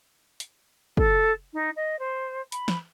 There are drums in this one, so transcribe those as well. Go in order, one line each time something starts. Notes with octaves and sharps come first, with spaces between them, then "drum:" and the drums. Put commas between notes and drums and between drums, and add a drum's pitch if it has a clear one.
drum: hi-hat
A4, drum: kick
D#4
D#5
C5
B5, drum: hi-hat
drum: snare